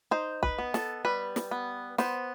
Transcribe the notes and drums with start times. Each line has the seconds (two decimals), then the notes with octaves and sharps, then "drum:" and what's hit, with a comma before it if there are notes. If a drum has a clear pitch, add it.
0.11 D#4 C5
0.43 B4, drum: kick
0.59 B3
0.74 A4, drum: snare
1.05 G3 B4
1.36 drum: snare
1.51 B3
1.98 B3 C5, drum: snare